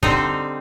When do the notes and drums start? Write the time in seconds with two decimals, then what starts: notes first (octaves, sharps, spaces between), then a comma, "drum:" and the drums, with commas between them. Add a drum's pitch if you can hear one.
0.03 D3 G3 C4 D#4, drum: kick